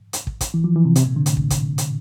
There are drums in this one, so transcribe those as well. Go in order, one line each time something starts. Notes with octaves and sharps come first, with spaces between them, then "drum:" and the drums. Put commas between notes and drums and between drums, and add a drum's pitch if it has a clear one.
drum: hi-hat
drum: kick
drum: kick, hi-hat
E3
F3
E3
C3
C3, drum: hi-hat
A#2
D3
A2, drum: hi-hat
drum: kick
drum: kick, hi-hat
drum: hi-hat